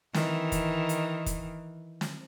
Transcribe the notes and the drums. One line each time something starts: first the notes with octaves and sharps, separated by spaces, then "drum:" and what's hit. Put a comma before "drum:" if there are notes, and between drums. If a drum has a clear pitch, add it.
D#3 E3, drum: snare
drum: kick, hi-hat
drum: hi-hat
drum: kick, hi-hat
drum: snare